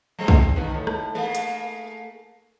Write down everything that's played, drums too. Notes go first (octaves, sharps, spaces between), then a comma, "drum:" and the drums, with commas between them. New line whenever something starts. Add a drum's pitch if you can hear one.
F#3 G#3 C4
drum: kick
B2 D#3 B4
A2
drum: rim click
A3 A#3 G#4
drum: hi-hat